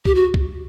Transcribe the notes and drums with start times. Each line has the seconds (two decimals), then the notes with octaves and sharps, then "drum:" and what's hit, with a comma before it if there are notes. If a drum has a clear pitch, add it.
0.05 G4, drum: kick C2
0.15 F#4
0.34 drum: kick C2